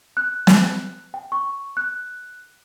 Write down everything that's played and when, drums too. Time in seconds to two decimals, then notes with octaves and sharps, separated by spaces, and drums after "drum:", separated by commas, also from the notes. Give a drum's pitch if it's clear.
0.17 F#6
0.47 drum: snare
1.14 G5
1.32 C#6
1.77 F#6